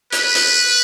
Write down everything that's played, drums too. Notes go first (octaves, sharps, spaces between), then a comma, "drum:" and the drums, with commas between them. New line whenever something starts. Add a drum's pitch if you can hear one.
B4, drum: hi-hat
drum: hi-hat